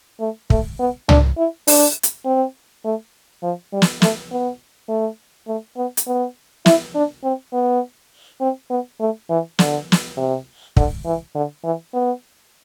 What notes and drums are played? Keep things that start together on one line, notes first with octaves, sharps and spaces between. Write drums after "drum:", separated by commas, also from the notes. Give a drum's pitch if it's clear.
A3
A3, drum: kick
B3
D4, drum: tom
E4
D4, drum: open hi-hat
drum: hi-hat
C4
A3
F3
G3
drum: snare
A3, drum: snare
B3
A3
A3
B3
drum: hi-hat
B3
E4, drum: snare
D4
C4
B3
C4
B3
A3
E3
D3, drum: snare
drum: snare
C3
D3, drum: kick
E3
D3
E3
B3